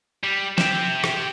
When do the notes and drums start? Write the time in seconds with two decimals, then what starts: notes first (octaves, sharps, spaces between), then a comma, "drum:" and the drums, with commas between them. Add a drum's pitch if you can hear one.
0.24 G3
0.58 G4 E5, drum: snare
1.04 drum: rim click